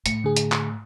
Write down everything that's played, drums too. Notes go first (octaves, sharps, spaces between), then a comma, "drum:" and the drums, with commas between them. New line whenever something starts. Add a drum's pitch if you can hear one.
A2 C#7, drum: hi-hat
D3 G#4
drum: hi-hat
drum: clap